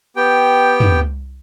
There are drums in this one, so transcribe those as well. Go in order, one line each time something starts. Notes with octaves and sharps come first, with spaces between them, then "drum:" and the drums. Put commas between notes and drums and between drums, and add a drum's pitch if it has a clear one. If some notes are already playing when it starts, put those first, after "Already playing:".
B3 G4 G5
drum: tom